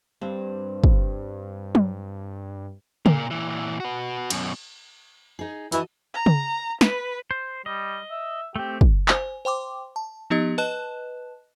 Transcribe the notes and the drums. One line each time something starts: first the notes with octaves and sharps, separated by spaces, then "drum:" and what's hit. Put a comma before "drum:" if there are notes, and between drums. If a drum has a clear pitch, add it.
G2 C4
drum: kick
drum: tom F#3
A#2 A#3, drum: tom C#3
A#2 E3
F#4 B4
F#2 B2, drum: cymbal
D#4 G#4
E3 F#4 A4 D#5, drum: hi-hat
A#5
drum: tom C#3
B4, drum: snare
C5
G3 D#5
E5
A3 C4 G4
drum: kick
C5 G#5, drum: clap
C5 G5 C6 D6
A5
F3 B3 D#4 G4 D#5
B4 D#5 A5 F#6 E7